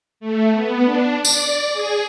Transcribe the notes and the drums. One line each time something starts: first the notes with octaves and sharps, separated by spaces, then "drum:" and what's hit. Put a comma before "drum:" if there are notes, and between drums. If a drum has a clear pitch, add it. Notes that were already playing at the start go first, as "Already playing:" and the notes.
A3
B3
D4
D5, drum: tambourine
G#4